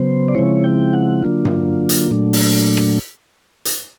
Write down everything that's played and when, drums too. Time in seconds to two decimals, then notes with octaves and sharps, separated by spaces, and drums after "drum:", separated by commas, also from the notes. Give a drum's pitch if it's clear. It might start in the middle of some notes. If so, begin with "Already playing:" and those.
Already playing: C#3 F#3 B3 C5
0.28 D5
0.35 C#3 F3 G#3 C4 E4 C#5
0.64 G5
0.93 F#5
1.23 D3 F#3 A#3 D4 F4
1.45 drum: tom G2
1.89 drum: hi-hat
2.11 A#2 F#3 A3 D4
2.33 drum: open hi-hat
2.77 drum: rim click
3.65 drum: hi-hat